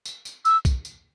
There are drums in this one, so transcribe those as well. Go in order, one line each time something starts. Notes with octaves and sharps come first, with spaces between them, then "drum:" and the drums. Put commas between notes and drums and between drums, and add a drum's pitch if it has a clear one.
drum: tambourine
drum: tambourine
E6, drum: tambourine
drum: kick B1, tambourine
drum: tambourine